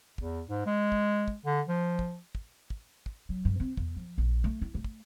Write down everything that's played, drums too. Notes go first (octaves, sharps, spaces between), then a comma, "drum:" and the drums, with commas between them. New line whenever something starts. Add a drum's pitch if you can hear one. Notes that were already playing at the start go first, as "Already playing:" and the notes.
E2, drum: kick
G#2
G#3
drum: kick
drum: kick
D3
F3
drum: kick
drum: kick
drum: kick
drum: kick
F#3
G2
C4
E2, drum: kick
F3
A#1
A3
E4
A3
drum: kick